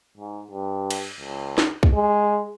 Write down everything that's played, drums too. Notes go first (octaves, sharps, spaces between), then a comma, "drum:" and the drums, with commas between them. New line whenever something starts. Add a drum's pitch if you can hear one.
G#2
G2
drum: cymbal
C#2
drum: snare
drum: kick
G#3